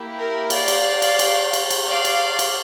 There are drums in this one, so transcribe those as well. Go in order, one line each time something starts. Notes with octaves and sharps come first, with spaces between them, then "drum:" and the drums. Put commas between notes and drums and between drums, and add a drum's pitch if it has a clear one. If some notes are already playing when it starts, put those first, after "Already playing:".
Already playing: A#3 E4 G4
A#4
D5 F5, drum: cymbal
drum: cymbal
drum: cymbal
drum: cymbal
drum: cymbal
drum: cymbal
D5 F5
drum: cymbal
drum: cymbal